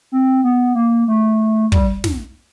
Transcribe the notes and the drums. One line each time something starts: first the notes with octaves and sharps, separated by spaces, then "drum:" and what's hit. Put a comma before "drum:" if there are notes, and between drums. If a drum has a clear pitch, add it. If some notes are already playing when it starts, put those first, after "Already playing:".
C4
B3
A#3
A3
G3, drum: kick
drum: snare